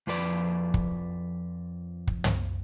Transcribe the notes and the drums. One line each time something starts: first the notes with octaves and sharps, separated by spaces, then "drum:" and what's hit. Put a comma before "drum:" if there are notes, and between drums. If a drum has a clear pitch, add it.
F2 F3 B4 D5
drum: kick
drum: kick
drum: tom